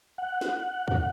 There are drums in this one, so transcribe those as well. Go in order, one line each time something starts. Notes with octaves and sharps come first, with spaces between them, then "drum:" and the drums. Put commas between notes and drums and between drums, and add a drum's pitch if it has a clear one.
F#5
drum: snare
drum: kick